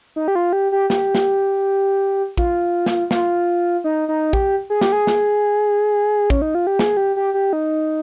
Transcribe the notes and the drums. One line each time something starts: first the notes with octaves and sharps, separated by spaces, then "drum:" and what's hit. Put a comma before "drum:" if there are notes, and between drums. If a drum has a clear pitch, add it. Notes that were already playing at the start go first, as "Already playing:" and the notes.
D#4
G4
F4
G4
G4
G4, drum: snare
drum: snare
F4, drum: kick
drum: snare
F4, drum: snare
D#4
D#4
G4, drum: kick
G#4
G4, drum: snare
G#4
drum: snare
C#4, drum: kick
D#4
F4
G4
G#4, drum: snare
G4
G4
G4
D#4